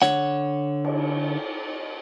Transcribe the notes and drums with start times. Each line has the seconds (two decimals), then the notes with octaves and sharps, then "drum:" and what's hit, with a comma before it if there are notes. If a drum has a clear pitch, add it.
0.02 D3 C#5 F#5, drum: snare
0.85 drum: cymbal